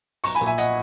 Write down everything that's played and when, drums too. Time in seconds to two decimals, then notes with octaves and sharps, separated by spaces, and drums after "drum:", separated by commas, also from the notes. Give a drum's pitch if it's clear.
0.24 B1 A#5 C#6, drum: open hi-hat
0.35 G#5 B5
0.41 A#2
0.46 E5 G#5
0.58 D#5 F#5, drum: hi-hat